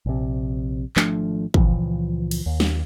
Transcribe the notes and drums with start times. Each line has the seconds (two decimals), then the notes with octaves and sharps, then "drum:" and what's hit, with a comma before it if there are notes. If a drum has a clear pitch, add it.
0.06 A#1 C3
0.96 G#1 F3 A3 D4, drum: clap
1.54 C#2 A#2 E3 F3, drum: kick
2.31 drum: cymbal
2.46 D#2
2.60 drum: snare